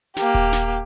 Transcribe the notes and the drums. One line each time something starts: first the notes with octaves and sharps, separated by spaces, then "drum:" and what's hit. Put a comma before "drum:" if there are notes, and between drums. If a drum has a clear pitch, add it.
A#3 G4, drum: snare
drum: kick D#1, hi-hat
drum: snare